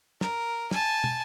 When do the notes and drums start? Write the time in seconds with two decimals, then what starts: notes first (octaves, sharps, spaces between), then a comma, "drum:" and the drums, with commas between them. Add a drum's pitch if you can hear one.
0.21 A#4, drum: snare
0.71 G#5 A5, drum: snare
1.04 drum: tom